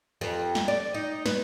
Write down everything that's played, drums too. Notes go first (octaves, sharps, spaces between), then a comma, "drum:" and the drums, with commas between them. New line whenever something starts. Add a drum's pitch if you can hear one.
F2
drum: snare
D5
D#4
B4, drum: snare